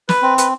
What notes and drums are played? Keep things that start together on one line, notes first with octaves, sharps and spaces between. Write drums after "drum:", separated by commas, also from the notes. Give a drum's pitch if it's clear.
B4, drum: snare
C4
B4, drum: hi-hat